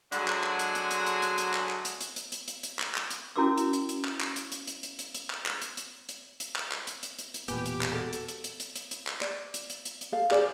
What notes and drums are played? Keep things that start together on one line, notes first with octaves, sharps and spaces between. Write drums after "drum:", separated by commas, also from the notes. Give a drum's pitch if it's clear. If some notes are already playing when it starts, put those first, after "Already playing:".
D3 F#3 G#3 D4 F#4 G#4, drum: hi-hat
drum: clap
drum: clap
drum: hi-hat
drum: hi-hat
drum: hi-hat
drum: hi-hat
drum: hi-hat
drum: hi-hat
drum: clap
drum: clap
drum: hi-hat
drum: hi-hat
drum: hi-hat
drum: hi-hat
drum: hi-hat
drum: hi-hat
drum: clap
drum: clap
drum: hi-hat
C#4 E4 F#4 A#4 D6 E6
drum: hi-hat
drum: hi-hat
drum: hi-hat
drum: clap
drum: clap
drum: hi-hat
drum: hi-hat
drum: hi-hat
drum: hi-hat
drum: hi-hat
drum: hi-hat
drum: clap
drum: clap
drum: hi-hat
drum: hi-hat
drum: hi-hat
drum: hi-hat
drum: clap
drum: clap
drum: hi-hat
drum: hi-hat
drum: hi-hat
drum: hi-hat
E1 A#2 B3 G4 B4 G#5, drum: hi-hat
drum: hi-hat
drum: clap
F#4 A4 A5
drum: hi-hat
drum: hi-hat
drum: hi-hat
drum: hi-hat
drum: hi-hat
drum: hi-hat
drum: clap
D5, drum: clap
drum: hi-hat
drum: hi-hat
drum: hi-hat
drum: hi-hat
A4 F5
G#4 A#4 C5 D5, drum: clap